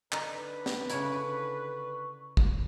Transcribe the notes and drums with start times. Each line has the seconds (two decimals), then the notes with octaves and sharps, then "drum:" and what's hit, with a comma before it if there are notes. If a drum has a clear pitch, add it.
0.12 D3 D#4 B4 D5, drum: clap
0.66 drum: snare
0.90 C#3 E4 C#6, drum: hi-hat
2.37 drum: kick